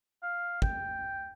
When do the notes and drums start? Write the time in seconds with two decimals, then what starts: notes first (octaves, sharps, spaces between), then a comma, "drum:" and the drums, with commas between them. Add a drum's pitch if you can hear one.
0.22 F5
0.62 G5, drum: kick